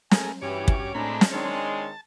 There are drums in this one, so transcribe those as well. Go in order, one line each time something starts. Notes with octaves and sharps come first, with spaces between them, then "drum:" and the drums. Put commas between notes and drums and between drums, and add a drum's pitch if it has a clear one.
G#3 A3 A#4 G#5, drum: snare
G2 E3 C#4 F#4 G4 C#5 D6
drum: kick
A2 G#3 C4 D4 A#5 B5
drum: snare
D#3 G#3 C4 D4 C#5 A5